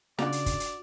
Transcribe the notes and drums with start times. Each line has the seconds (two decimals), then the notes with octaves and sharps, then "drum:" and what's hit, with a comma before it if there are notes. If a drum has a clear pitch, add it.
0.19 C#3 D4 F4 F#4 D5 A#5, drum: snare
0.32 drum: hi-hat
0.46 drum: kick, hi-hat
0.60 drum: hi-hat